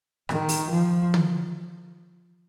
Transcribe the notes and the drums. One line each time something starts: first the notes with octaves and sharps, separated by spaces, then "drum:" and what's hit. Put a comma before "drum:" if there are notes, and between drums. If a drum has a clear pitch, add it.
D#3, drum: rim click
drum: open hi-hat
F3
drum: tom